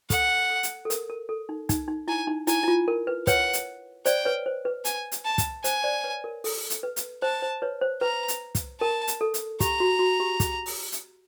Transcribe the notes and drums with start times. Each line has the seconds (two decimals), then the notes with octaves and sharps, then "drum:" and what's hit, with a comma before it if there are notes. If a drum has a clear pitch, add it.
0.10 A4 F#5, drum: kick, hi-hat
0.50 A4
0.63 drum: hi-hat
0.85 A4
0.90 A#4, drum: hi-hat
1.10 A#4
1.29 A4
1.49 D#4
1.69 D#4, drum: kick, hi-hat
1.88 D#4
2.08 E4 G#5
2.27 D#4
2.47 E4 G#5, drum: hi-hat
2.63 E4
2.68 F4
2.88 A#4
3.07 B4
3.27 B4 C#5 F#5, drum: kick, hi-hat
3.53 drum: hi-hat
4.06 C5 D5 G5, drum: hi-hat
4.25 B4 C#5
4.46 C5
4.65 B4
4.85 G#5, drum: hi-hat
5.12 drum: hi-hat
5.25 A5
5.38 drum: kick, hi-hat
5.64 C5 G#5, drum: hi-hat
5.84 C5 D5
6.04 B4 C#5
6.24 A#4
6.44 A4, drum: open hi-hat
6.70 drum: hi-hat
6.83 B4
6.96 drum: hi-hat
7.22 C5 A5
7.42 C5
7.62 B4 C#5
7.82 C5
8.01 B4 A#5
8.28 drum: hi-hat
8.55 drum: kick, hi-hat
8.80 A#4 A5
9.07 drum: hi-hat
9.21 A4
9.34 drum: hi-hat
9.60 G4 A#5, drum: kick, hi-hat
9.80 F#4
9.99 F#4
10.20 G4
10.40 G#4, drum: kick, hi-hat
10.66 drum: open hi-hat
10.92 drum: hi-hat